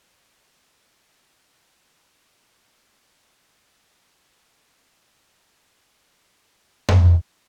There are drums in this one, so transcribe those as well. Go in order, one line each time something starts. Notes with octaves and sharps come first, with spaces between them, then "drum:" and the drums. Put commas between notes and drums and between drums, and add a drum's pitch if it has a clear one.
E4
E5
C5
G1
F#3
E6
A1
D#5 F#5 G5 A5 A#5 C6
A3 B3 F4 D#5 A5 A#5
drum: tom F2